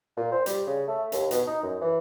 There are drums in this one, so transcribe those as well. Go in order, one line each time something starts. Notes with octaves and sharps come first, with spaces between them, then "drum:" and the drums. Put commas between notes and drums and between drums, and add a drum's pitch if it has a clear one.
A#2
C5
G3, drum: hi-hat
C#3
A3
D#2, drum: hi-hat
B2, drum: hi-hat
D#4
F#2
E3